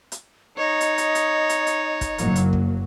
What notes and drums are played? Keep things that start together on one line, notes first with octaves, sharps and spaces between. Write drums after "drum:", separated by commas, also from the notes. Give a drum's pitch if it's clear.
drum: hi-hat
D#4 C#5 D#5
drum: hi-hat
drum: hi-hat
drum: hi-hat
drum: hi-hat
drum: hi-hat
drum: kick, hi-hat
F#1 F#3 A#3, drum: hi-hat
drum: hi-hat
drum: kick